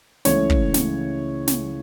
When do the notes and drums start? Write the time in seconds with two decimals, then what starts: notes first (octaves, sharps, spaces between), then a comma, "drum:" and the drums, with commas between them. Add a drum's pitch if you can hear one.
0.25 C#2 C#3 E3 A3 C#5, drum: snare
0.50 drum: kick
0.74 drum: snare
1.47 drum: snare